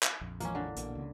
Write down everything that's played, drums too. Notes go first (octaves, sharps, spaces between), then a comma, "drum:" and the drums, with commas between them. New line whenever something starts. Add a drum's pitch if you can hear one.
drum: clap
A#1 F2
E3 F3 G#3 A#3 C#4, drum: hi-hat
D3
A#1 B2 A#3, drum: hi-hat
C#2 C#3